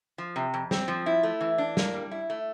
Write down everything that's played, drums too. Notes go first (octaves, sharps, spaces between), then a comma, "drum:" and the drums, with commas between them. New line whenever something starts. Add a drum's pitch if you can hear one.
F3
C3
F2
C4, drum: snare
F3
E4
A3
E3
D4
A#3, drum: snare
G3
E4
A3